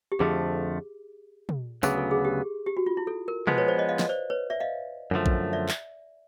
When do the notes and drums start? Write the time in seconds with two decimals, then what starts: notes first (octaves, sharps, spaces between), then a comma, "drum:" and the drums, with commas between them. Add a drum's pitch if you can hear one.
0.12 G4
0.19 F2 D3 F3 A3 G#4
1.49 drum: tom
1.83 D2 C#3 F#3 B3 G#4, drum: tambourine
1.98 A4
2.11 G#4
2.25 G4
2.66 G4
2.77 F#4
2.86 F4
2.97 E4
3.07 A4
3.28 A#4
3.47 F3 G#3 B3 B4, drum: tom
3.58 B4 C#5
3.68 C5 D5
3.78 C#5 D#5
3.89 D#5 F5
3.99 D#5, drum: snare
4.09 C5 D5
4.30 B4 C#5
4.50 D5 E5
4.60 D#5 F5
5.11 F#2 D3 F3 A3
5.26 drum: kick A#1
5.53 D5 E5
5.69 drum: clap